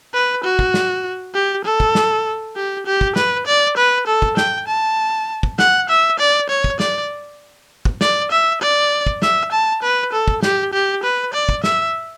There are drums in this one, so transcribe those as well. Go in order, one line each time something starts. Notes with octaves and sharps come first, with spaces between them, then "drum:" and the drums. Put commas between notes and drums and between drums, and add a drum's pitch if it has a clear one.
B4
F#4
drum: kick
drum: snare
G4
A4
drum: kick
drum: snare
G4
G4
drum: kick
B4, drum: snare
D5
B4
A4
drum: kick
G5, drum: snare
A5
drum: kick
F#5, drum: snare
E5
D5
C#5
drum: kick
D5, drum: snare
drum: kick
D5, drum: snare
E5
D5
drum: kick
E5, drum: snare
A5
B4
A4
drum: kick
G4, drum: snare
G4
B4
D5
drum: kick
E5, drum: snare